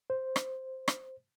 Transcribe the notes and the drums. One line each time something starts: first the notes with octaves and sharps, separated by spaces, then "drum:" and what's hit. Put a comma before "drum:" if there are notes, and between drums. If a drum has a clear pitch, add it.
C5
drum: rim click
drum: rim click